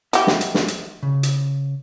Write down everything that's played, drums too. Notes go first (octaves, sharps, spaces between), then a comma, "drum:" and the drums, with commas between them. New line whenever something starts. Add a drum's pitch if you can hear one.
E4 F#4 G4 D#5 E5, drum: hi-hat
drum: snare
drum: hi-hat
drum: snare
drum: hi-hat
C#3
drum: hi-hat